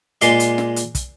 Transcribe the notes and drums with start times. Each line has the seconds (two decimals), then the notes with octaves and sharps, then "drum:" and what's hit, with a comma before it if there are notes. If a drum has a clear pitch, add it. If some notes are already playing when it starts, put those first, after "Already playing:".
0.21 A#2 G#3 C6 D6, drum: hi-hat
0.40 drum: hi-hat
0.58 drum: snare
0.76 drum: hi-hat
0.95 drum: kick, hi-hat